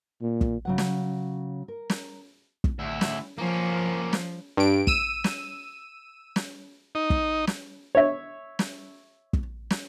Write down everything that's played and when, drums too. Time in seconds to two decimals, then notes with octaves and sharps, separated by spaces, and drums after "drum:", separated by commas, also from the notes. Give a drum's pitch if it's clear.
0.22 A#2
0.41 drum: kick
0.65 C#3 F#3 F#5
0.78 drum: snare
1.68 A#4
1.90 drum: snare
2.64 drum: kick
2.79 D2 E4
3.01 drum: snare
3.38 F3 A#3 C#4
4.13 drum: snare
4.57 G2 D7
4.87 E6 D#7, drum: kick
5.24 drum: snare
6.36 drum: snare
6.95 D#4
7.10 drum: kick
7.47 drum: snare
7.95 C#5 E5
8.59 drum: snare
9.33 drum: kick
9.70 drum: snare